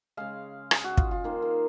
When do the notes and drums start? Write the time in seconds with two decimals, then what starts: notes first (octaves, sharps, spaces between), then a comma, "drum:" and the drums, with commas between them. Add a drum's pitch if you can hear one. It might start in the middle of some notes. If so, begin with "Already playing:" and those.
0.17 C#3 G#3 F5
0.71 G#4, drum: rim click
0.84 F#4
0.97 F4, drum: kick
1.11 F4
1.24 D#3 A#3 C5
1.42 A#4